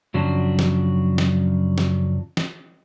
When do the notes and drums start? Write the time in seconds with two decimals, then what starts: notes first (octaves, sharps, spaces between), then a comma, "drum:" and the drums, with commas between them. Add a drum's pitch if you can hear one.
0.14 F#2 C#3 F3 F#3 D4
0.59 drum: snare
1.18 drum: snare
1.78 drum: snare
2.37 drum: snare